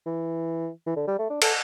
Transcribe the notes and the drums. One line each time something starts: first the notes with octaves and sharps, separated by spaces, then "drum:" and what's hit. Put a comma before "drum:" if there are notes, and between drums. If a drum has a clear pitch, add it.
E3
E3
D3
G3
A3
D4
A4, drum: cymbal